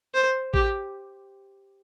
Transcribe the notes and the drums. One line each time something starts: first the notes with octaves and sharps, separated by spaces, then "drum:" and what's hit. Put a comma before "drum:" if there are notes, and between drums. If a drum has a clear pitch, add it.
C5
G4, drum: kick A1